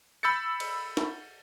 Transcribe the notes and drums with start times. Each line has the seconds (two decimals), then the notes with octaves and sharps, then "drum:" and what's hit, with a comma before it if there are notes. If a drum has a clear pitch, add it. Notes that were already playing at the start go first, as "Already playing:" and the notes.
0.23 B5 E6 G6 A6 C#7
0.60 drum: cymbal
0.97 drum: snare